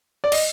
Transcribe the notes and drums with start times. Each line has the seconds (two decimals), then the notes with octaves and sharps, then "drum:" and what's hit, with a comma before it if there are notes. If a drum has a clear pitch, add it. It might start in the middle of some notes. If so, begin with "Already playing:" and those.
0.24 D5
0.32 D#5, drum: cymbal